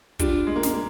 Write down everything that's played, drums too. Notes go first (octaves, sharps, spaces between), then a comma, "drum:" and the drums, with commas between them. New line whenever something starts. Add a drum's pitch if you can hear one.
G3 D4 F4, drum: kick, hi-hat
G#3
A#3
G#3, drum: snare
A#3